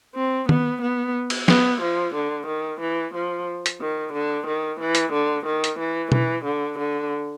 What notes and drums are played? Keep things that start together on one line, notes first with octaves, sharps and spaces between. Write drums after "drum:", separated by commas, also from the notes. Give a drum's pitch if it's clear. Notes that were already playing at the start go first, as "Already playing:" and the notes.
C4
B3, drum: tom
B3
drum: cymbal
B3, drum: snare
F3
D3
D#3
E3
F3
drum: hi-hat
D#3
D3
D#3
E3
drum: hi-hat
D3
D#3
drum: hi-hat
E3
E3, drum: tom B2
D3
D3